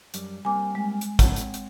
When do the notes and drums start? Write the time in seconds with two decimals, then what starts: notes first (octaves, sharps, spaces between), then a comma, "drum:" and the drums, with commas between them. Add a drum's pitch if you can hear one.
0.14 F#2 G3, drum: hi-hat
0.45 G3 A#3 C4 G#5 D6
0.75 G#3
1.01 drum: hi-hat
1.19 C4 C#5 F#5, drum: kick G#1, hi-hat
1.36 drum: hi-hat
1.54 drum: hi-hat